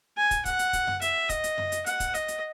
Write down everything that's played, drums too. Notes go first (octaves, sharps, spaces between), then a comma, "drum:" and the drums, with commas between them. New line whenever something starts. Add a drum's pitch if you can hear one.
G#5
drum: kick, hi-hat
F#5, drum: kick, hi-hat
drum: hi-hat
drum: kick, hi-hat
drum: tom F#2
E5, drum: hi-hat
D#5, drum: kick, hi-hat
drum: hi-hat
drum: tom F#2
drum: hi-hat
F#5, drum: hi-hat
drum: kick, hi-hat
D#5, drum: hi-hat
drum: hi-hat